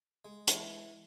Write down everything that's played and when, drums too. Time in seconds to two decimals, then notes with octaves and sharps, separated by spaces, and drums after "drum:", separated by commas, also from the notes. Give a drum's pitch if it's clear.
0.25 G#3
0.47 E3, drum: hi-hat